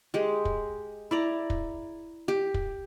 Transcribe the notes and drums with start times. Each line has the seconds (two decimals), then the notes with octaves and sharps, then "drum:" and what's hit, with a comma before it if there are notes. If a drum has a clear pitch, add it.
0.14 G#3 G4
0.45 drum: kick
1.11 E4 D5 A#5
1.50 drum: kick
2.28 G4
2.54 drum: kick